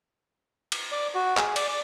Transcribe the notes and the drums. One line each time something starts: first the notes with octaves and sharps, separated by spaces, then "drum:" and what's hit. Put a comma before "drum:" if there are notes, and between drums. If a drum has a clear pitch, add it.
drum: cymbal
D5
F#4
G#4, drum: clap
D5, drum: cymbal
D5